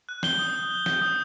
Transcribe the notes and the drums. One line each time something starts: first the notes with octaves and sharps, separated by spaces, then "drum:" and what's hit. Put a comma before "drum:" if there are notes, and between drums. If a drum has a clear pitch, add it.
F#6
G6 G7, drum: snare
D#6
D#6
G6
G6, drum: snare
D#6